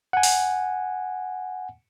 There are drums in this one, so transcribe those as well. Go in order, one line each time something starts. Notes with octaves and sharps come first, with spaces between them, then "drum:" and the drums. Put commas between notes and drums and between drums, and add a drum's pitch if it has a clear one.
F#5 G#5
drum: open hi-hat